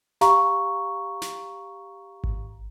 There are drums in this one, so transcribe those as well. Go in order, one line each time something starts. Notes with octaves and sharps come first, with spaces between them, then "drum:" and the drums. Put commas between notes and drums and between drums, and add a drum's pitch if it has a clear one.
G4 F5 A#5 C#6, drum: snare
drum: snare
drum: kick G#1